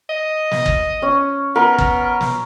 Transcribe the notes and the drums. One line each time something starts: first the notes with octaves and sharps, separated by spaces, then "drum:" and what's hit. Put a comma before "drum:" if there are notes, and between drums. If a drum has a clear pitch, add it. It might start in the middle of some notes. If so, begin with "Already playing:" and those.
D#5
drum: snare
drum: kick
C#4
B3 A#4
drum: kick
drum: snare